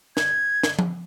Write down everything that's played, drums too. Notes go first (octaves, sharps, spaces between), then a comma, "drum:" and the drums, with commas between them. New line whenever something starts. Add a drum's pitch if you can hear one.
G#6, drum: snare
drum: snare
drum: tom F3